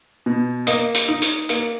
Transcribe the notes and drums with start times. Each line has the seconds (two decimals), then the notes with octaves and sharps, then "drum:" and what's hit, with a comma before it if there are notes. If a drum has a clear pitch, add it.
0.26 B2
0.67 A#3 D#5, drum: hi-hat
0.94 drum: hi-hat
1.08 D#4
1.22 drum: hi-hat
1.49 A#3, drum: hi-hat